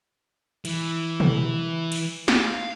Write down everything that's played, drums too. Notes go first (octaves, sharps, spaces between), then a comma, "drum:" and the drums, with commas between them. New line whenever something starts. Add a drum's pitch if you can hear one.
E3, drum: cymbal
drum: tom
drum: cymbal
F5, drum: snare